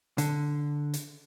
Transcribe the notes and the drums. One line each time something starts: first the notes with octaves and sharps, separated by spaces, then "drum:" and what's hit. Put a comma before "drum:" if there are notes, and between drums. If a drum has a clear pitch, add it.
D3, drum: hi-hat
drum: hi-hat